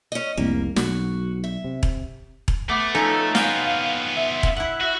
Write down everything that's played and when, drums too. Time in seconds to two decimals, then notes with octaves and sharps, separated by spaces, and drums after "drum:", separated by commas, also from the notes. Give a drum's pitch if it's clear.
0.12 C#4 D#5
0.37 F1 C2 A#3
0.76 B1 F#4, drum: snare
1.44 E5
1.64 C3
1.83 drum: kick E1
2.48 drum: kick E1
2.69 A3 B3 D6
2.95 F3 C#4 D#4 A4
3.35 B3 F4 F#4 F5 G5 G#5, drum: snare
4.17 E5
4.43 drum: kick E1
4.56 E4 F#5
4.80 F#4